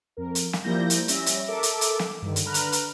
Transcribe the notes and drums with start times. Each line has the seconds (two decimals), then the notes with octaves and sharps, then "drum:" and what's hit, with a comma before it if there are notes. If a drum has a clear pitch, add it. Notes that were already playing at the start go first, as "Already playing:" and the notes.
0.17 F2 A#4
0.35 drum: hi-hat
0.53 drum: snare
0.64 F3 G3 A#3 E4 G6 A#6
0.90 drum: hi-hat
1.08 G3 C#4 E5 A#6, drum: hi-hat
1.26 drum: hi-hat
1.48 A4 A#4 E5 D6
1.63 drum: hi-hat
1.81 drum: hi-hat
1.99 drum: snare
2.22 G2 D3 D#3
2.36 drum: hi-hat
2.45 D3 B4 A#5 F6 F#6
2.54 drum: hi-hat
2.72 drum: hi-hat